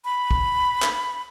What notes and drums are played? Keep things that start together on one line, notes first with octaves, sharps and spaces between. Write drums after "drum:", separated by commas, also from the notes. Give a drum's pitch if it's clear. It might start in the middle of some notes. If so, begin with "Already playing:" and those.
B5
drum: kick
drum: clap